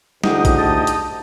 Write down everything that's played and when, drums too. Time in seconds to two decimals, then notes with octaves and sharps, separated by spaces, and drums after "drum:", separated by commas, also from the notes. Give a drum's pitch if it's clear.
0.24 D2 D#4 E4 G4 G#4 D#5 F#5, drum: snare
0.45 drum: kick A1, hi-hat
0.58 A5 A6
0.87 drum: hi-hat